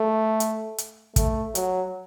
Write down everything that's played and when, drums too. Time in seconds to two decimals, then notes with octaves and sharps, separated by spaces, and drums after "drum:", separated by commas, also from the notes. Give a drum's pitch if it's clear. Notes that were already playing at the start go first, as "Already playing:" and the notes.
Already playing: A3
0.40 drum: hi-hat
0.78 drum: hi-hat
1.16 A3, drum: kick, hi-hat
1.55 F#3, drum: hi-hat